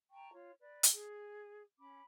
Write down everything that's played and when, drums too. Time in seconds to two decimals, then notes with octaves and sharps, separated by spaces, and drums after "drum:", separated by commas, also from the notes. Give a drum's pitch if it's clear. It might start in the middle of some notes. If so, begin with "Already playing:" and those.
0.11 G5 A5 A#5 C#6
0.32 F4 C#5
0.60 B4 D5
0.83 drum: hi-hat
0.93 G#4
1.79 C#4 B5 D6